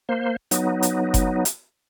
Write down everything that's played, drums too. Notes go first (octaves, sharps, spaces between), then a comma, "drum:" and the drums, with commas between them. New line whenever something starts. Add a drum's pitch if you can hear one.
A#3 C5
F#3 B3 D#4, drum: hi-hat
drum: hi-hat
drum: kick F#1, hi-hat
drum: hi-hat